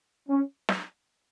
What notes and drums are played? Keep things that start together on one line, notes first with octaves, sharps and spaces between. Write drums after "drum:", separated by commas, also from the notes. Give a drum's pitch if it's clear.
C#4
drum: snare